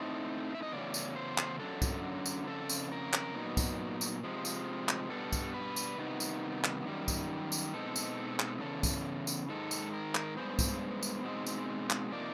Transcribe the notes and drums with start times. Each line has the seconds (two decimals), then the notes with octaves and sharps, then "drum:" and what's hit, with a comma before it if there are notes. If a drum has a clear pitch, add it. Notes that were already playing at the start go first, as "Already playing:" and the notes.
Already playing: A2 A3 C4 D#4
0.55 E5
0.63 D#5
0.72 E2 C#3 F#3 A3 C#4 D5
0.94 drum: tambourine
1.16 C5
1.38 drum: clap
1.59 F#2 D3 F#3 A4
1.82 drum: kick, tambourine
2.26 drum: tambourine
2.47 F2 C#3 A4
2.69 drum: tambourine
2.92 A#4
3.13 drum: clap
3.35 A#2 F#3 B3 D#4
3.57 drum: kick, tambourine
4.01 drum: tambourine
4.23 C3 F3 G#3
4.45 drum: tambourine
4.89 drum: clap
5.10 B2 G3 B3 D4 A4
5.33 drum: kick, tambourine
5.54 B4
5.76 drum: tambourine
5.98 C3 D#3 G3 B3 D#4
6.20 drum: tambourine
6.64 drum: clap
6.86 F#2 D#3 G3
7.08 drum: kick, tambourine
7.52 drum: tambourine
7.73 B2 G#3 C4 D#4 A4
7.96 drum: tambourine
8.39 drum: clap
8.61 E2 C#3 A4
8.83 drum: kick, tambourine
9.27 drum: tambourine
9.49 G#2 D#3 G#3 A4
9.71 drum: tambourine
9.94 A#4
10.15 drum: clap
10.37 G2 D#3 G#3 B3 C5
10.59 drum: kick, tambourine
11.03 drum: tambourine
11.24 B2 G#3 C4 D#4
11.46 drum: tambourine
11.90 drum: clap
12.12 C3 F3 A#3 D#4 D5